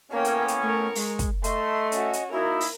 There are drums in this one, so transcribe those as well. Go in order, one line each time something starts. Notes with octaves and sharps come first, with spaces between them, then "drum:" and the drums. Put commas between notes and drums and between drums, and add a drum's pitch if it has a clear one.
A2 A#3 B3 C#4 A#4 G5
drum: hi-hat
drum: hi-hat
A3 A#4 C#6
G#3, drum: open hi-hat
drum: kick, hi-hat
A3 D#5 C6, drum: hi-hat
C#4 F#4, drum: hi-hat
drum: hi-hat
A#3 D#4 E4 F#4 A#4
drum: open hi-hat